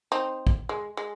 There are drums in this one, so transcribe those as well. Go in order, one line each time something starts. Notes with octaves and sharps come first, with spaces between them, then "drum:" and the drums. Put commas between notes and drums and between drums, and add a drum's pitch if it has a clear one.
C4 D#4
drum: kick
G#3
G#3